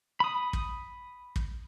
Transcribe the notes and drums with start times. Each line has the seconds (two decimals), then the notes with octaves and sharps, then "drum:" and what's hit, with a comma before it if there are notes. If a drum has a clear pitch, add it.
0.20 B5 D#6
0.53 drum: kick
1.36 drum: kick